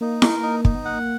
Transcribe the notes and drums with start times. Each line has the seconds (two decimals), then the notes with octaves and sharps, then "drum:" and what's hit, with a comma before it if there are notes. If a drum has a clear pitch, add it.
0.01 A#3 D#4
0.22 A#4, drum: snare E4
0.43 D#4
0.65 D#4, drum: kick
0.75 B3
0.85 A#3 F#5